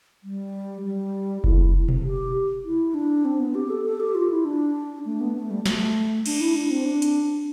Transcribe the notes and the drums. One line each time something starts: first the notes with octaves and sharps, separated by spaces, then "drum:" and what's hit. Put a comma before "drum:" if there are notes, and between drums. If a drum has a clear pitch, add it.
G3
G3
E4, drum: kick F1
drum: tom B2
G4
E4
D4
C4
B3
G4
A4
A4
G4
F4
E4
D4
A3
B3
A3
G3
A3, drum: snare
D4, drum: cymbal
E4
D4
C4
D4
drum: hi-hat